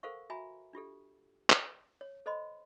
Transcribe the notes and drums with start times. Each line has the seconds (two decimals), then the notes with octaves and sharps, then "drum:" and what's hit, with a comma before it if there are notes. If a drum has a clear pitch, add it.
0.03 A4 A#4 C5 F5 F#5 C#6
0.30 F#4 E5 G#5 A#5 B5
0.73 D4 F4 G4 A4
1.50 drum: clap
2.01 C#5
2.26 A4 C5 D#5 B5 C6